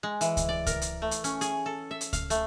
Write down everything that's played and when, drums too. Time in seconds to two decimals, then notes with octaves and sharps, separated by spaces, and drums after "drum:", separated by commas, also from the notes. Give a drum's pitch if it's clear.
0.03 G#3
0.21 E3, drum: hi-hat
0.37 drum: kick C#2, hi-hat
0.49 D5
0.66 A#4, drum: kick C#2, hi-hat
0.81 drum: hi-hat
1.02 A3
1.11 drum: hi-hat
1.24 C#4, drum: hi-hat
1.41 G#4, drum: hi-hat
1.66 A4
1.91 E5
2.01 drum: hi-hat
2.13 F5, drum: kick C#2, hi-hat
2.30 A3, drum: hi-hat